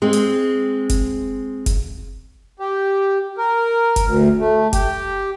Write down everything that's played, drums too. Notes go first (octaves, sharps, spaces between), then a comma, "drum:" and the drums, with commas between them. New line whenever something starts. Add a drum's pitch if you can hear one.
G#3 C4
drum: hi-hat
drum: kick F1, hi-hat
drum: kick F1, hi-hat
G4
A#4
drum: kick F1, hi-hat
D2
A3
G4, drum: kick F1, hi-hat